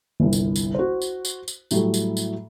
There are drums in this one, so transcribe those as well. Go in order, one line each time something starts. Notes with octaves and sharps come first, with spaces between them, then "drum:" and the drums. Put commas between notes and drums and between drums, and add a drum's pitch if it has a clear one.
G1 C2
drum: tambourine
drum: tambourine
F#4 C5
drum: tambourine
drum: tambourine
drum: tambourine
A2 F#3 G3 A3, drum: tambourine
drum: tambourine
drum: tambourine